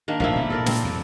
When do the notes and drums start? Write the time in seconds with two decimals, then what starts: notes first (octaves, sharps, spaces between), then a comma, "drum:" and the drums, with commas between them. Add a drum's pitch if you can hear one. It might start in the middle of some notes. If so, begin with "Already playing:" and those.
0.08 D#3 A#3 D4
0.20 A#1 A#2 F3 A3 A#3 E4
0.35 B2 G#3 A3
0.50 A#2 A4 A#4 D5
0.66 C4, drum: snare
0.84 E2 C3 F#3